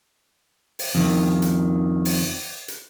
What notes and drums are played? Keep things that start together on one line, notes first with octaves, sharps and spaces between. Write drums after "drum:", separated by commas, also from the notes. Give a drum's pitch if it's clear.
drum: open hi-hat
F2 D#3
drum: hi-hat
drum: open hi-hat
drum: hi-hat